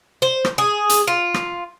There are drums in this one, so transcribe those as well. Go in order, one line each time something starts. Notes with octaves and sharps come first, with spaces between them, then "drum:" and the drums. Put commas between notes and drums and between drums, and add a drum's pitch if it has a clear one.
C5
drum: rim click
G#4
drum: hi-hat
F4
drum: rim click